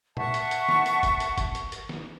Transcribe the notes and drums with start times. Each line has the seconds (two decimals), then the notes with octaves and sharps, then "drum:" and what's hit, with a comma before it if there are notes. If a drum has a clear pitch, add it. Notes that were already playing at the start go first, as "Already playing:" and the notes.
0.17 E5 F#5 A5 C#6, drum: tom A#2
0.34 drum: hi-hat
0.51 drum: hi-hat
0.69 drum: snare
0.86 drum: hi-hat
1.03 drum: kick, hi-hat
1.20 drum: hi-hat
1.38 drum: kick, hi-hat
1.55 drum: hi-hat
1.72 drum: hi-hat
1.89 drum: snare